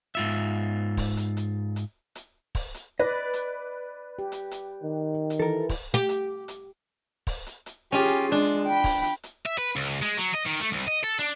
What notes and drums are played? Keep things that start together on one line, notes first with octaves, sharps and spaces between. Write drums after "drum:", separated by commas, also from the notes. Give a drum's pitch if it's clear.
G#2 F4 E5
drum: kick, open hi-hat
drum: hi-hat
drum: hi-hat
drum: hi-hat
drum: hi-hat
drum: kick, open hi-hat
drum: hi-hat
B4 D5 D#5
drum: hi-hat
G4
drum: hi-hat
drum: hi-hat
D#3
drum: hi-hat
E3 A4 A#4
drum: kick, open hi-hat
G4
drum: hi-hat
drum: hi-hat
drum: kick, open hi-hat
drum: hi-hat
drum: hi-hat
C#4 F4 G4 G#4
drum: hi-hat
G#3 D4
drum: hi-hat
G5 B5
drum: kick, open hi-hat
drum: hi-hat
drum: hi-hat
E5
B4
C#2
G#3, drum: hi-hat
F#3
D#5
D#3
A3, drum: hi-hat
C2
D#5
A4
D4, drum: hi-hat